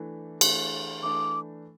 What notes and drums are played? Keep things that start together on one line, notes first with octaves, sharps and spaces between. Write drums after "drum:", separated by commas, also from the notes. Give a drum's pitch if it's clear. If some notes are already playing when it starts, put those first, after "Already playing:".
Already playing: E3 A3 D4
E3 A3 D4, drum: cymbal
E3 A3 D4 D6